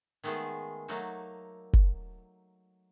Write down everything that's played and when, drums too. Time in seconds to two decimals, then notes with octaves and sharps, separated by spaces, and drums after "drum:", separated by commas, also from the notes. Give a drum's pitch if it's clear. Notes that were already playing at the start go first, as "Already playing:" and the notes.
0.24 D#3 G#3 A3 B3 G#4
0.88 F#3 A3 A#3 D#4 F#4
1.73 drum: kick F#1